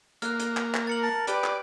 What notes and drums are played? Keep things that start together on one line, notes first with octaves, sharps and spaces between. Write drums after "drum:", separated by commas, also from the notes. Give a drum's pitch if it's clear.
A#3 F6 F#6, drum: hi-hat
drum: hi-hat
drum: clap
drum: clap
A#4 A6 C#7 F#7
A5
G4 B4 D5, drum: hi-hat
drum: clap